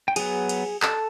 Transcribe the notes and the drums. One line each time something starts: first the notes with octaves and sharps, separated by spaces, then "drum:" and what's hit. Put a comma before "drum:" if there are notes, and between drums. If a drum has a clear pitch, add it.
G5
F#3 B3 G#4 G#5, drum: cymbal
drum: cymbal
A4 A5, drum: clap